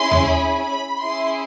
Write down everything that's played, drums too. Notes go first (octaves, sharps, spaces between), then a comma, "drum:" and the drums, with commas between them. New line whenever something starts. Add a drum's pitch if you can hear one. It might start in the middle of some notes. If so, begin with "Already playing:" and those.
Already playing: C#4 E4 G#4 C6
drum: tom D#2
B5
B5
C#4 E4 G#4 C6